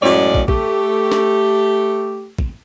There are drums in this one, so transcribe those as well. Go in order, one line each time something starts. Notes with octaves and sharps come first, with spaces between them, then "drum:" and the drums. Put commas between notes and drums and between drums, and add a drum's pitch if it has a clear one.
F#2 A2 G#3 C#4 D5
drum: kick
A3 G4, drum: kick
drum: snare
drum: kick